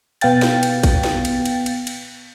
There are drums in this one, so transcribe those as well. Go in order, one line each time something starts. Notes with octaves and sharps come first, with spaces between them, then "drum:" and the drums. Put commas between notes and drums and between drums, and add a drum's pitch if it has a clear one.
B2 B3 F5 G5 A6, drum: cymbal
drum: snare
drum: cymbal
drum: kick, cymbal
drum: snare
drum: cymbal
drum: cymbal
drum: cymbal
drum: cymbal